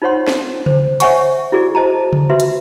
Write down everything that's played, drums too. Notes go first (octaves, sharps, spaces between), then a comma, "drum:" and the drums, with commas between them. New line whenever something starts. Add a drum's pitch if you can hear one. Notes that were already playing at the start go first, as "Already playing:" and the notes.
D#4 F4 C5 C#5 F#5 C6
drum: snare
C5, drum: tom C#3
C5 C#5 E5 F#5 G#5 C#6, drum: hi-hat
E4 F#4 G#4 D5
C5 D#5 A5 A#5
drum: tom C#3
F4 F#4 B4 E5 C6
drum: hi-hat